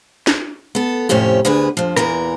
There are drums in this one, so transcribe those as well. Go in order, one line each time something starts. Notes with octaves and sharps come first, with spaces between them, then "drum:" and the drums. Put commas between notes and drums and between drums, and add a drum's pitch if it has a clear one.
drum: snare
B3 A4
F2 A2 C3 C#4 G4
D2 D3 B3 G#4 B4
F2 F3
E2 A#2 E3 A#4, drum: rim click